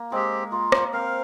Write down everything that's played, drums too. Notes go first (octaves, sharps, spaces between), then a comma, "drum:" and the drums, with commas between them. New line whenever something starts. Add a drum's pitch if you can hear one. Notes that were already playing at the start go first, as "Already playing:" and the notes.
Already playing: A#3
G#3 C4 G4
A#3 F4
drum: rim click
C4 A#4 F5